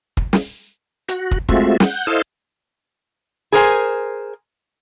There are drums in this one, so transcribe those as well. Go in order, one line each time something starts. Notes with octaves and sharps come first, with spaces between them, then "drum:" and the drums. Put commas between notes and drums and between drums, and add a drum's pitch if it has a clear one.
drum: kick
drum: snare
F#4, drum: hi-hat
drum: kick
G#3 A3 C4 F4 F#4 E5, drum: kick
F#5 G6, drum: snare
E4 A4 C5 D#5 F5
G#4 A#4 C5 G#5